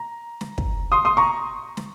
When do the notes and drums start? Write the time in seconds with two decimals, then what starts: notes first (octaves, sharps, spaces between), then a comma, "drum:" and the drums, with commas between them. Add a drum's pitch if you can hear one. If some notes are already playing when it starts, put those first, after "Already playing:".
Already playing: A#5
0.41 drum: snare
0.58 drum: kick
0.92 C6 D#6
1.05 C6 D#6
1.17 A#5 C#6
1.77 drum: snare